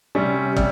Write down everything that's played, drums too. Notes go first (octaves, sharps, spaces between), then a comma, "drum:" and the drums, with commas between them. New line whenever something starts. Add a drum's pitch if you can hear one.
C3 G3 C#4
C3 G3, drum: kick